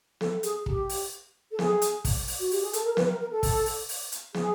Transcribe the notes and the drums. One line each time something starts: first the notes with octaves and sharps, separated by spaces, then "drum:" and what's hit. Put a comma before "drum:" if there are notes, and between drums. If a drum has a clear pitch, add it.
A4, drum: snare
G#4, drum: hi-hat
G4, drum: kick
drum: open hi-hat
A4
G#4, drum: snare
drum: hi-hat
drum: kick, open hi-hat
drum: open hi-hat
F#4
G4, drum: open hi-hat
G#4
A4, drum: hi-hat
A#4
B4, drum: snare
A#4
A#4
A4
drum: kick, open hi-hat
drum: open hi-hat
drum: open hi-hat
drum: hi-hat
G#4, drum: snare